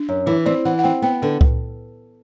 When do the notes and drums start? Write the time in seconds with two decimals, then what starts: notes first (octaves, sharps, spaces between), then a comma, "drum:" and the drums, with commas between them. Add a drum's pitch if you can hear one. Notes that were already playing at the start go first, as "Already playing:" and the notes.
Already playing: D4
0.09 F#2
0.26 E3 E4
0.46 C4 D5
0.65 E3 F#5
0.79 F#5
0.83 C4 G5
1.02 B3 G5
1.22 D3 B4
1.41 drum: kick C2